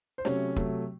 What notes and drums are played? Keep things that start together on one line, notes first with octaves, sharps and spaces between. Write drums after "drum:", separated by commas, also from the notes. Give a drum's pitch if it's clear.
C5
C3 F#3 A3 C#4 C#5, drum: snare
C3 F#3 A3, drum: kick